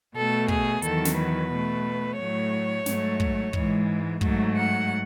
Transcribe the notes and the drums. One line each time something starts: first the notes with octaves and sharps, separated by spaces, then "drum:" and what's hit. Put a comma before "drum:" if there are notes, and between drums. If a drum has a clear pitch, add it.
B2 A3 A4
G#4, drum: kick
E2 D#3 F#3 A4, drum: hi-hat
drum: snare
B4
B2 A3
A2 F#3 A3 C#5
G#2 F#3 A3, drum: snare
drum: kick
G#2 E3 G#3, drum: kick
G#2 F#3 A3, drum: kick
F#5